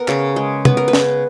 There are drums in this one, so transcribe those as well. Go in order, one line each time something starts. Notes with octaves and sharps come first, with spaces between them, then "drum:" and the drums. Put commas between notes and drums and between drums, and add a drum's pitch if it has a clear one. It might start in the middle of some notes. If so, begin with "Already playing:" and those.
Already playing: B3 A#4 F#5
C#3, drum: clap
G#3
B3 B4, drum: tom
A#4
B4
C#3, drum: snare